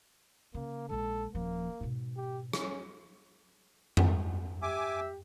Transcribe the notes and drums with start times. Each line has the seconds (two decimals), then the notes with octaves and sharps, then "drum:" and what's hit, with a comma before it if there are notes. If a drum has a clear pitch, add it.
0.54 C#3 A#3
0.89 A#1 G#3 A4
1.35 D#1 F3 A#3
1.80 G#2 B2
2.17 G4
2.53 C#4, drum: rim click
3.97 drum: tom F2
4.62 G4 E5 G#5 D6